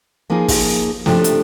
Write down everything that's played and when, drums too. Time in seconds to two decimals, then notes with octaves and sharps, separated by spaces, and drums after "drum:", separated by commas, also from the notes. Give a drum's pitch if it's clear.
0.30 F3 A#3 D#4 G#4
0.48 drum: kick, open hi-hat
1.06 C3 F3 A3 D4 G4, drum: snare
1.24 drum: hi-hat